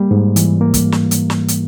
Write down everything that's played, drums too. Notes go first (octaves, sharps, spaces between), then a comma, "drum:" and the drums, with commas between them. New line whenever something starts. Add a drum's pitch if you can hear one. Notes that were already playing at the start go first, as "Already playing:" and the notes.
Already playing: G3 A#3
G#2
E3, drum: hi-hat
A#3
drum: kick, hi-hat
drum: snare
drum: hi-hat
drum: snare
drum: hi-hat